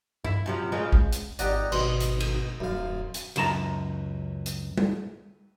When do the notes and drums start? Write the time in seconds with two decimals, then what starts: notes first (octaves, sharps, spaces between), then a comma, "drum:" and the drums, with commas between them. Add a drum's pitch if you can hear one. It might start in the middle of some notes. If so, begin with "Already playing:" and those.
0.24 E4, drum: tom G2
0.46 F#2 C3 F3
0.72 C#3 F3 G#3
0.92 drum: kick A1
1.13 drum: hi-hat
1.39 G#1 G4 D5 D#5 F#5 A#5, drum: hi-hat
1.72 G#1 B2 D#5 C6, drum: cymbal
2.00 drum: hi-hat
2.20 drum: cymbal
2.60 D#1 F#2 F5
3.14 drum: hi-hat
3.36 C#2 F#2 A5 A#5, drum: cymbal
4.46 drum: hi-hat
4.77 drum: tom